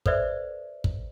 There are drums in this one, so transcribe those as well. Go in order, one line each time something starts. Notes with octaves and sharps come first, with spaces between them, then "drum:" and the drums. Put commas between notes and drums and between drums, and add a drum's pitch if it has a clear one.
A4 B4 C5 D5 E5, drum: kick
drum: kick